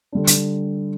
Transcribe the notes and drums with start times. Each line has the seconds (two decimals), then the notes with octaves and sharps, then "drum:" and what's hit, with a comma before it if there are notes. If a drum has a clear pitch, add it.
0.12 D3 G3 D4
0.27 drum: hi-hat